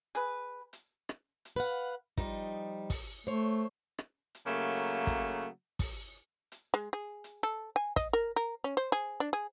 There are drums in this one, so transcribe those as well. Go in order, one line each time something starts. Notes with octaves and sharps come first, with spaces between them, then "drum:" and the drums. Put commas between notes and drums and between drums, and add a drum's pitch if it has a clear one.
G#4 B4
drum: hi-hat
drum: rim click
drum: hi-hat
B4 F5 F#5
F3 G3 D#4, drum: kick, hi-hat
drum: kick, open hi-hat
A3 C5 C#5
drum: rim click
drum: hi-hat
C#3 F#3 A3 A#3
drum: kick, hi-hat
drum: kick, open hi-hat
drum: hi-hat
G#3
G#4
drum: hi-hat
A4
G#5
D#5, drum: kick, hi-hat
A#4
A#4
C#4
C5
G#4
D4
G#4